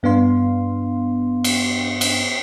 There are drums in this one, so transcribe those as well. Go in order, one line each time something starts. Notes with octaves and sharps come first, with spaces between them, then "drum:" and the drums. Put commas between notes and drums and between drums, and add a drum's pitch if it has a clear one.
G2 B3 D4 F5 C6
drum: cymbal
drum: cymbal